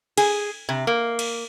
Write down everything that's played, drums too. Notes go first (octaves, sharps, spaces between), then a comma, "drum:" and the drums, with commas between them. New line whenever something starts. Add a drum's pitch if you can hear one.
G#4, drum: cymbal
C3
A#3
drum: cymbal